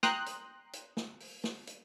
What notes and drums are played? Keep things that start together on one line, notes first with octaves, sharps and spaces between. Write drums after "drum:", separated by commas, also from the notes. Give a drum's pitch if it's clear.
G5 A#5 C6 D#6 F#6, drum: snare
drum: hi-hat
drum: hi-hat
drum: snare
drum: open hi-hat
drum: snare
drum: hi-hat